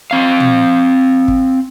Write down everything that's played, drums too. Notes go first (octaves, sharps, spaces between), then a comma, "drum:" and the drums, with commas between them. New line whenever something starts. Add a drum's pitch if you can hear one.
C4 F5
drum: tom
drum: kick